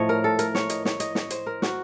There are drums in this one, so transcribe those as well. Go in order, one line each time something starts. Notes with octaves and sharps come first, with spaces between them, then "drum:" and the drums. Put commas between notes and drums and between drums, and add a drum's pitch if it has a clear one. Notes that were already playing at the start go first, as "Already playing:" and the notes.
Already playing: A2 F3 A3 C#5 D#5
A#4
A4
A#4, drum: hi-hat
C#5, drum: snare
D#5, drum: hi-hat
C#5, drum: snare
D#5, drum: hi-hat
C#5, drum: snare
C5, drum: hi-hat
A#4
F#4, drum: snare